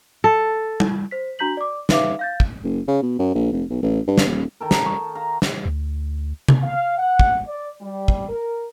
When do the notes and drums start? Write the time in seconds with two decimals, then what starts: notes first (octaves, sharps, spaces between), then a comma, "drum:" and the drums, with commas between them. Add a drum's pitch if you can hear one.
0.24 A4
0.80 drum: tom G3
1.11 C5 B6
1.39 D4 F#4 A#5 G6 B6 F#7
1.57 D5 D6
1.89 D#4 B4 E5 F5 D6, drum: snare
2.19 F5 G6 A6
2.40 drum: kick
2.64 F#1
2.88 C#3
3.02 B2
3.19 F#2
3.34 A#1
3.52 F1
3.70 B1
3.82 A1
4.07 G2
4.18 drum: snare
4.27 D#1
4.60 D#3 A4 A#4
4.71 drum: snare
4.84 D#5 A5 C#6
5.15 F5 A#5
5.42 drum: snare
5.66 D2
6.48 drum: tom C3
6.62 F5
6.97 F#5
7.19 drum: kick
7.47 D5
7.81 G3
8.08 drum: kick
8.29 A#4